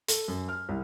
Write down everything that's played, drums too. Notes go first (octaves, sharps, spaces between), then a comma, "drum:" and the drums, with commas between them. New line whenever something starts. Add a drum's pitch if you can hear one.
A4, drum: hi-hat
F#2
F6
C2